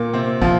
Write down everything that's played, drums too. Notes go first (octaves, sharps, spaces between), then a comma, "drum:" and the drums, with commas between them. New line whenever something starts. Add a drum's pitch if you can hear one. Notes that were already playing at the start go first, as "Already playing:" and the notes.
Already playing: A#2 A#3
C3 C4
F3 F4, drum: kick